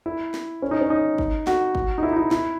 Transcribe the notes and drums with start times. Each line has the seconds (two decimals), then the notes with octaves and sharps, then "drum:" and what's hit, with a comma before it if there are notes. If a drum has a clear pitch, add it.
0.06 E4
0.34 drum: snare
0.62 C#4
0.71 D#4
0.81 C#4
0.90 D#4
1.18 drum: kick
1.47 F#4, drum: snare
1.75 drum: kick
1.98 D#4
2.03 E4
2.13 D#4
2.17 E4
2.31 E4, drum: snare